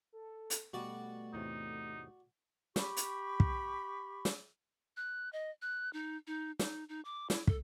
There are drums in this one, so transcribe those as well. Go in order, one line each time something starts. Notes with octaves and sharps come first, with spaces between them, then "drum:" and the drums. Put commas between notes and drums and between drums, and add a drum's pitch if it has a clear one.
A4
drum: hi-hat
B2 G3 A3 B3 F#4 D5
E2 A2 C3 D#4
G4 B5 C#6, drum: snare
drum: hi-hat
drum: kick
drum: snare
F#6
D#5
F#6
D#4
D#4
D#4, drum: snare
D#4
D6
E4, drum: snare
A4, drum: kick